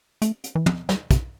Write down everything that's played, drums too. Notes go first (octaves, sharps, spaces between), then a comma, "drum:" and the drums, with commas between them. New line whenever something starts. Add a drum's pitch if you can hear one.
A3, drum: hi-hat
drum: hi-hat
E3
drum: tom
G3, drum: snare
C3, drum: kick, hi-hat